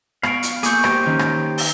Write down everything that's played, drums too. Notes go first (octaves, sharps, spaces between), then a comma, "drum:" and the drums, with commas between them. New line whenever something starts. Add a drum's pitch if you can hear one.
B3 F5 B5 C#6 D7, drum: rim click
drum: hi-hat
A#3 G#4 C#6 D6 G6, drum: hi-hat
G4 C5 G5, drum: rim click
D#3 C#4
drum: rim click
drum: open hi-hat